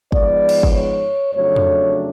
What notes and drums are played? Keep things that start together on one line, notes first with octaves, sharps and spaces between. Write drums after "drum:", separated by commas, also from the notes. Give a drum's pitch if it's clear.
G#2 F3 G#3 B3 D5, drum: kick
drum: cymbal
drum: kick
C#5
F2 C#3 F#3 A3 D4 C#5
drum: tom